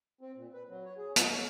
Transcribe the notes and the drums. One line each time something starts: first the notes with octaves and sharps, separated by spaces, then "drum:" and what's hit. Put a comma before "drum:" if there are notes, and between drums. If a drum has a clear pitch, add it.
C4
A#2
B4
F#3
C#5
G#4
D#4, drum: hi-hat
C#5